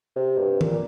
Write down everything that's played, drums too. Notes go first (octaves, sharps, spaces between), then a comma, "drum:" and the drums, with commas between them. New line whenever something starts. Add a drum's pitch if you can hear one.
C3
G2
A#2, drum: tom D#3